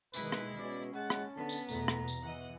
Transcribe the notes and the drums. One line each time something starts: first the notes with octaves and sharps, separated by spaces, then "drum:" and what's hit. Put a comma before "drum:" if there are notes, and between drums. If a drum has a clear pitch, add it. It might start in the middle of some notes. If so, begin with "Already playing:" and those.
B2 D#3 G#3 E4 B4, drum: tambourine
drum: rim click
B2 C#4 D5
G#3 F#5 A5
drum: rim click
D3 B3 A5
drum: tambourine
E2 B2 A3 A#5, drum: tambourine
drum: rim click
drum: tambourine
E3 B3 D#5 F#5